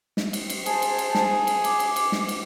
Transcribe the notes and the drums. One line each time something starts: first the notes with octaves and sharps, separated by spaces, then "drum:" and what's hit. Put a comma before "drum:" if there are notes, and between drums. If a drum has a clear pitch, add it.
drum: snare
drum: cymbal
drum: cymbal
G#4 C5 A5, drum: cymbal
drum: cymbal
drum: cymbal
drum: snare
drum: cymbal
D6, drum: cymbal
drum: cymbal
drum: cymbal
drum: snare
drum: cymbal